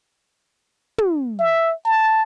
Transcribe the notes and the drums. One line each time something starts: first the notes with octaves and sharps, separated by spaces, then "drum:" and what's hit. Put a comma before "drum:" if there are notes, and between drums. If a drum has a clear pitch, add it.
drum: tom
E5
A5